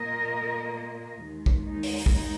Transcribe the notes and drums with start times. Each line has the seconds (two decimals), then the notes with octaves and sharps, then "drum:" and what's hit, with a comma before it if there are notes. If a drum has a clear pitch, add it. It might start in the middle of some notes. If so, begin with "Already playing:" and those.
Already playing: A#2 A#3 A#4 D#5
1.25 D#2 D#3 G#3
1.46 drum: kick
1.65 D#4
1.83 drum: open hi-hat
2.06 D#4, drum: kick